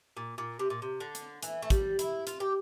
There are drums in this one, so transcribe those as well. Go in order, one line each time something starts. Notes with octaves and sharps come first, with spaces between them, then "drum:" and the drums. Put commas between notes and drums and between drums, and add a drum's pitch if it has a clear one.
A#2
A#2
C3
A#2
C3
D3
drum: hi-hat
E3, drum: hi-hat
A3
G3, drum: kick, hi-hat
E4, drum: hi-hat
F4, drum: hi-hat
G4